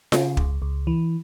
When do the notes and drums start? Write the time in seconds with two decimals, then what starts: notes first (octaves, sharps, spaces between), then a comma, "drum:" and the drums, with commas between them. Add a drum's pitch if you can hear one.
0.12 C#3, drum: snare F4
0.37 C#2, drum: kick
0.62 C#2
0.87 E3